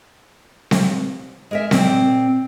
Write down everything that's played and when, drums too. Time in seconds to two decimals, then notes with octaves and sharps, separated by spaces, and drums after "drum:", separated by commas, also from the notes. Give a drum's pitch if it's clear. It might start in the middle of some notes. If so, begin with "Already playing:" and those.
0.71 drum: snare C4
1.51 G#3 A#4 E5
1.71 A#2 C4, drum: snare C4